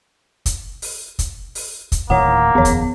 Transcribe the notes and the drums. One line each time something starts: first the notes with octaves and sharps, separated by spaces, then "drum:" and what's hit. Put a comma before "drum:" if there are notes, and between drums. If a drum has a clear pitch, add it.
drum: kick, hi-hat
drum: open hi-hat
drum: kick, hi-hat
drum: open hi-hat
drum: kick, hi-hat
D1 A2 D#3 A#3 C#5 F#5
D#1 F2 D#3 B3 C#5
drum: kick, hi-hat